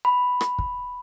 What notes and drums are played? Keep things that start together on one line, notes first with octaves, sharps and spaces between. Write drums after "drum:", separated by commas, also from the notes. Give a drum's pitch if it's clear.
B5
drum: rim click
drum: kick